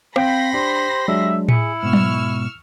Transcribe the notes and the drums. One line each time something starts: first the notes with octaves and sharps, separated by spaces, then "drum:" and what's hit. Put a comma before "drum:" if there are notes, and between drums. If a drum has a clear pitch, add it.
C4 F5 G5 B5 C6 G6 A#6, drum: rim click
D4 G4 C5
F#3 G#3 D4 E5
E4 G#4 C#7, drum: tom A2
G#2 B2 C#6 E6 F6
drum: tom F#3